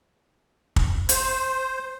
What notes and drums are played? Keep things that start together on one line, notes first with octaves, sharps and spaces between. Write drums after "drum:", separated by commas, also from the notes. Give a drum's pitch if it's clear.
drum: kick
C5, drum: hi-hat